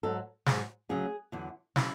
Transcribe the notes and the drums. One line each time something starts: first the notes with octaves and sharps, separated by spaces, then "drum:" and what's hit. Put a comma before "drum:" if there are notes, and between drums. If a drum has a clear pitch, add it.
G#2 F#3 A4
G#2 F#3 G#4, drum: snare
D2 C#3 F#3 G#4
E2 D3 F#3
C#3 F#3 E4, drum: snare